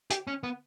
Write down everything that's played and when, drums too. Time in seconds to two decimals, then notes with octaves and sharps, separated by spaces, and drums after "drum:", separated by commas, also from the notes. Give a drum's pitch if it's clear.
0.10 G4, drum: hi-hat
0.27 C#4
0.43 B3